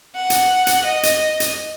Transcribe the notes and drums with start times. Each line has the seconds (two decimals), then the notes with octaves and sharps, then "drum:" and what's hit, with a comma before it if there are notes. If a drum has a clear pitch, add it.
0.15 F#5
0.30 drum: hi-hat
0.67 drum: hi-hat
0.85 D#5
1.03 drum: hi-hat
1.40 drum: hi-hat